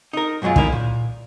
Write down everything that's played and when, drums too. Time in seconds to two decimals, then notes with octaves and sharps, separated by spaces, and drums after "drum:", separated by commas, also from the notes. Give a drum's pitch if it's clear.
0.13 D#4 A#4
0.42 F#2 B2 F#3 G#3 F4
0.56 B1 E2 D#4 E4 A#4, drum: kick
0.73 A#2